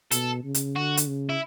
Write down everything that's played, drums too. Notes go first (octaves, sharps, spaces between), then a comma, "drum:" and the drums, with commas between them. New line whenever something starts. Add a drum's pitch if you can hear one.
B2 A4, drum: hi-hat
C#3
drum: hi-hat
D3 F#4
drum: hi-hat
C#3
E4